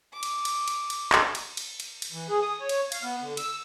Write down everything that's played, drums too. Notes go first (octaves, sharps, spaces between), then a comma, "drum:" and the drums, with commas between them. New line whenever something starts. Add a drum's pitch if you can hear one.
D6
drum: cymbal
drum: cymbal
drum: cymbal
drum: cymbal
drum: clap
drum: cymbal
drum: cymbal
drum: cymbal
drum: cymbal
E3
G#4
D#6
C#5
drum: cymbal
F5, drum: cymbal
B3
D3
E6, drum: cymbal